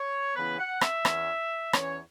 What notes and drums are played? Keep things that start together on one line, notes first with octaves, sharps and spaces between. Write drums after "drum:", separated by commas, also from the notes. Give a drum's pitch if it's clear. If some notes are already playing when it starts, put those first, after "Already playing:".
Already playing: C#5
C#3 E3 B3 E4 B4
F#5
E5, drum: rim click
E2 E3 C#4, drum: rim click
E2 E3 C#4 C#5, drum: rim click